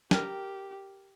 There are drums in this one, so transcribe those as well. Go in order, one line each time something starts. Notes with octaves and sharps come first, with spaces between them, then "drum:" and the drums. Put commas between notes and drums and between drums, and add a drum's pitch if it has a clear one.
G4 A#4 G5, drum: snare